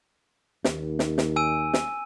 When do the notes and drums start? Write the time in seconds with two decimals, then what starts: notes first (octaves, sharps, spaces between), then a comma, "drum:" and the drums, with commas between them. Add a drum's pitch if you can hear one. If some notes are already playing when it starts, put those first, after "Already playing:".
0.64 D#2, drum: snare
0.99 drum: snare
1.18 drum: snare
1.36 G#5 E6 D#7
1.74 drum: snare